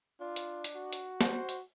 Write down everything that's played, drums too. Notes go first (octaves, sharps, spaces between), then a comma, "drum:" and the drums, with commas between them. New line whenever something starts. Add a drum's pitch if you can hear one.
D4 F4
drum: hi-hat
drum: hi-hat
F#4
drum: hi-hat
C5, drum: snare
drum: hi-hat